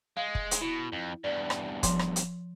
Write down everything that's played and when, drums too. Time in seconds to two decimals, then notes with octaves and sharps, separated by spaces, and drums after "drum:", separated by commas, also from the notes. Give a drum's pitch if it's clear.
0.17 G#3 F5
0.35 drum: kick
0.51 drum: hi-hat
0.61 B2 E4
0.92 F2
1.24 E2 G2 D5
1.50 drum: rim click
1.83 F3 C6, drum: kick, hi-hat
1.99 drum: rim click
2.16 drum: hi-hat